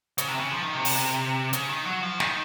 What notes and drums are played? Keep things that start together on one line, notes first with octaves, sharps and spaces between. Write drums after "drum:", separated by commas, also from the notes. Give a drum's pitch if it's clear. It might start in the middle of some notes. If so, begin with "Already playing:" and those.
C#3, drum: hi-hat
C3
C#3
F3
D#3
C3
drum: open hi-hat
C#3, drum: hi-hat
D#3
F#3
F3
D#3, drum: snare